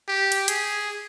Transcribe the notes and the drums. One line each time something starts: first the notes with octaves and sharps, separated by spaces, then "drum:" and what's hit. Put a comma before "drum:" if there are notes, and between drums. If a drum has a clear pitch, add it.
G4
drum: cymbal
G#4, drum: hi-hat